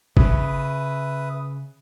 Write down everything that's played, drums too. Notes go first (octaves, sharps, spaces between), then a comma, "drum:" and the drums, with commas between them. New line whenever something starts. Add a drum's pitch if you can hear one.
C#3 B4 E5 D#6, drum: kick